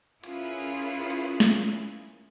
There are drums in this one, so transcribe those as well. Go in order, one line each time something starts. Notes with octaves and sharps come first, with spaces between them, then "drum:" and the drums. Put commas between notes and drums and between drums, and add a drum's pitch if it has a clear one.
C#4 E4 F4 G#4 A#4 B4, drum: hi-hat
drum: hi-hat
drum: snare